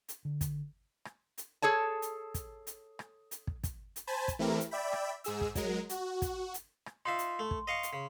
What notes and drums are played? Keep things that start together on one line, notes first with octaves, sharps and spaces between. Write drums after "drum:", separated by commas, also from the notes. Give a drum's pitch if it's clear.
drum: hi-hat
D3
drum: kick, hi-hat
drum: rim click
drum: hi-hat
G#4 A4 C#5 A5
drum: hi-hat
drum: kick, hi-hat
drum: hi-hat
drum: rim click
drum: hi-hat
drum: kick
drum: kick, hi-hat
drum: hi-hat
C5 G#5 A5 B5
drum: kick, hi-hat
E3 A3 C4 E4 G4 A#4
drum: hi-hat
D5 E5 G5 B5
drum: rim click
G#2 G#4 E6, drum: hi-hat
drum: kick
F#3 G#3 A#4, drum: kick, hi-hat
F#4, drum: hi-hat
drum: kick, hi-hat
drum: hi-hat
drum: rim click
D#4 F4 E5 C6
drum: hi-hat
A3
drum: kick
D#5 F5 C#6
drum: hi-hat
C#3